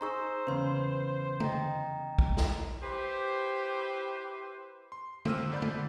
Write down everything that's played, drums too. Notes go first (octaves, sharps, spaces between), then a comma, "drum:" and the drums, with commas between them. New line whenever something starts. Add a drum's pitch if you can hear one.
D#4 G#4 C5 A#5 C#6 E6
E2 C#3 B4 C6
D#5 G5 A#5, drum: tom
drum: kick
drum: snare
E4 G4 B4 C5
C6
G#2 A#3 C4 E6 F6 D#7, drum: tom
G#2 D5 B5 G6
drum: tom